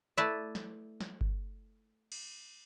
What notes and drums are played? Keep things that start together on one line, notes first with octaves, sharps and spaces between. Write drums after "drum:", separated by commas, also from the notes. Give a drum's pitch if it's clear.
A3 E4 B4 D5 E5
drum: snare
drum: snare
drum: kick G1
drum: cymbal